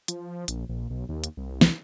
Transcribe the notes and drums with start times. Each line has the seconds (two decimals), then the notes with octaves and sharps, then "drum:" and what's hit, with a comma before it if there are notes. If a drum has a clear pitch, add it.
0.08 F3, drum: hi-hat
0.48 A#1, drum: hi-hat
0.69 A#1
0.90 B1
1.09 D#2
1.24 drum: hi-hat
1.37 C2
1.61 drum: snare